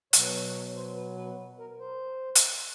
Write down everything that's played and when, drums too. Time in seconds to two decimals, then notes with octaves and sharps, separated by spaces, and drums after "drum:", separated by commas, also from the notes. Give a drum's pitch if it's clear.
0.13 B2 F#3 C#5, drum: hi-hat
0.34 C#5
0.54 C#5
0.75 C5
0.96 B4
1.17 B4
1.59 A#4
1.79 C5
2.36 drum: hi-hat